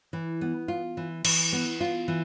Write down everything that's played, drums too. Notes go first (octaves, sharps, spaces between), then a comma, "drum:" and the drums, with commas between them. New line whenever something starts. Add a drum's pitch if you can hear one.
E3
B3
F4
E3
E3, drum: cymbal
B3
F4
E3